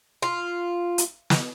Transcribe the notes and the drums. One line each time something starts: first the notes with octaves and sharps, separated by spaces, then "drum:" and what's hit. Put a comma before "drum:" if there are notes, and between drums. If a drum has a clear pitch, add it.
F4
drum: hi-hat
drum: snare